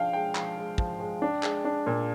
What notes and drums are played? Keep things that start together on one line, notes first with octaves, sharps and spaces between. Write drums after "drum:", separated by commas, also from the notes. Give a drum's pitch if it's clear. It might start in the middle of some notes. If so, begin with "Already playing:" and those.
Already playing: F3 G#3 D4 F5 G5
G#3 G5
F3, drum: clap
G#3
F3, drum: kick
G#3
D4
G#3, drum: clap
D4
A#2